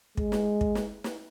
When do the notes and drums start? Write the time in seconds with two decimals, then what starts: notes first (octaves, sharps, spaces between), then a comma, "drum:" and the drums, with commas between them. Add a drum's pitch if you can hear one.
0.17 G#3, drum: kick
0.32 drum: snare
0.61 drum: kick
0.75 drum: snare
1.04 drum: snare